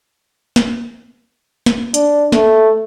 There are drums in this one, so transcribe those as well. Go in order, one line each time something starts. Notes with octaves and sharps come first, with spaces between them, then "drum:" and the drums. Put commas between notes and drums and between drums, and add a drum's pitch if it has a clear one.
drum: snare
drum: snare
D4, drum: hi-hat
A3, drum: snare